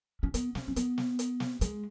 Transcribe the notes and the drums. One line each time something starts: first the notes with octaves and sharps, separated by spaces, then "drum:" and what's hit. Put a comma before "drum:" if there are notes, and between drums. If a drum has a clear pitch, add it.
C#4
B3, drum: hi-hat
C#4, drum: snare
C#4
B3, drum: hi-hat
drum: snare
drum: hi-hat
drum: snare
G#3, drum: hi-hat